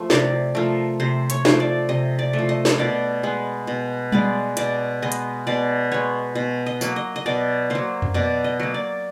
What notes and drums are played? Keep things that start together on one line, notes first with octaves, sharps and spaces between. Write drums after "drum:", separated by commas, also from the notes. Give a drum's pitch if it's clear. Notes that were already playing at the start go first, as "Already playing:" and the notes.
Already playing: F3 A3
C3 D5, drum: snare
F3 A3 A#4
C3 C5
C#5, drum: hi-hat
F3 A3, drum: snare
D5
C3 D#5
D5
A3
F3
D#5
drum: snare
B2 D5
G#3 B3
B2
G#3 B3 D5, drum: tom G3
B2 D5, drum: hi-hat
G#3 B3 D#5
drum: hi-hat
B2 D5
G#3 B3 C#5
B2
D#5
F#3 A#3, drum: tambourine
D#5
D#5
B2 D5
F#3 A#3 C5
drum: tom F2
B2 D5
D#5
F#3 A#3
D5